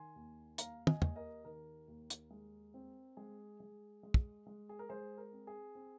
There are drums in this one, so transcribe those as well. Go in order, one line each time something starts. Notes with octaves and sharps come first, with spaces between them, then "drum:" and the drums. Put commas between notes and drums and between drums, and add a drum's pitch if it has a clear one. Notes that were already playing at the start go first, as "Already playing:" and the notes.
Already playing: D#3 G#5 C6
D#2
D#2 F5 A#5, drum: hi-hat
D#5 G#5, drum: tom
D#2, drum: tom
A#4 D#5
D#3 A#4
D#2
drum: hi-hat
G#3
C4
G#3 G#4
G#3
G#3
drum: kick
G#3
G#4
A#4
G#3 G#4 C5
A#4
C4
G#4
C4